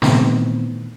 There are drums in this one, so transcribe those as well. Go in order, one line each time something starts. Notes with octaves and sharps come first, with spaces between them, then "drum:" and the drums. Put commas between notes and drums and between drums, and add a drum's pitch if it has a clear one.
A#2 D#3 E3 A3 B3 C4, drum: snare